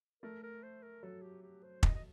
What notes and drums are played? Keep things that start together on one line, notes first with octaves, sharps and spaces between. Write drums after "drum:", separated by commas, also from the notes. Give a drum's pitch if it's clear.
A3 A#4
A#4
C5
A#4
F#3 A4
G4
G4
C5
D#5, drum: kick
D#5